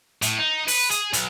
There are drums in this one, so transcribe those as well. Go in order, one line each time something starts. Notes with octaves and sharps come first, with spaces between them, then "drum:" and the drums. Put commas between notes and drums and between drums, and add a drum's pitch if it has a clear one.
A2, drum: hi-hat
D#4
B4, drum: open hi-hat
G#4, drum: hi-hat
B1, drum: hi-hat